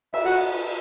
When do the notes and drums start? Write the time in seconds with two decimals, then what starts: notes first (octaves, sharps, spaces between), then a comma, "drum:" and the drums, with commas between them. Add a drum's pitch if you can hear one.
0.14 E5, drum: cymbal
0.25 F#4 F#5